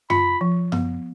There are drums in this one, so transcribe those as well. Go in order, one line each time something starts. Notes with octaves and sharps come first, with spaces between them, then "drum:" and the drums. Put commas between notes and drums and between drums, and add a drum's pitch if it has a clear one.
F4 B5, drum: tom F#2
F3
B3, drum: tom F#2